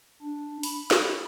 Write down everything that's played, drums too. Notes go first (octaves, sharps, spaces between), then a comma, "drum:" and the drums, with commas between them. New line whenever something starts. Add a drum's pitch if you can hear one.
D4
B5, drum: open hi-hat
drum: snare